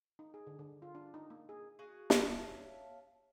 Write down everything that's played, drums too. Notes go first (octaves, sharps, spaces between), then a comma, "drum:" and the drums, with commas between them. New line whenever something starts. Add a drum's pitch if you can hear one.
D#4
G#4
D3
D3
F4
D4
D#4
A#3
G#4
F#4 G#4 F5
drum: snare
C#5 E5 F5 A5